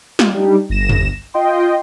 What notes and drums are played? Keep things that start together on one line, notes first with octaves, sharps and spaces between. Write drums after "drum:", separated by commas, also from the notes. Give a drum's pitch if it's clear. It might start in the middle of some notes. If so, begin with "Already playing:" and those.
F4 G4, drum: snare
G3 D4 D#4 G4
G1 A#6 E7
drum: tom
F4 D#5 G5 C6